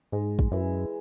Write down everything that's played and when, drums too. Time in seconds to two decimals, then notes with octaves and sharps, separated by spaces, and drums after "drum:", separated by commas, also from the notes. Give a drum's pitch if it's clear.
0.12 G#2 G#3
0.39 drum: kick
0.51 F#2 E3